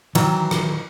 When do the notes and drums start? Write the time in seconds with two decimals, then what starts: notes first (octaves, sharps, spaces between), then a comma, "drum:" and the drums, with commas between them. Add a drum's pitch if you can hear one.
0.15 D#3 E3 F#3, drum: cymbal
0.51 drum: rim click